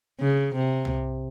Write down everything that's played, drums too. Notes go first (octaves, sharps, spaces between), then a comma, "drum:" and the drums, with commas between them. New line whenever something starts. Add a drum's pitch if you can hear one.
C#3
C3
drum: tom C2